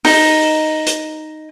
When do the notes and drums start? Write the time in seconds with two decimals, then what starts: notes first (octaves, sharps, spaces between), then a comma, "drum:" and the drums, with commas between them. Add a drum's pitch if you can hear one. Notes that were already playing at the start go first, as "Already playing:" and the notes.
0.05 D#4, drum: open hi-hat
0.87 drum: hi-hat